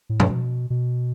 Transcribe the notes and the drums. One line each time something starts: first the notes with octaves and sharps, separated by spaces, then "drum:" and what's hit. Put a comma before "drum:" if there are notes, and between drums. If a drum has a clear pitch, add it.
A2
G2, drum: tom B2
B2
B2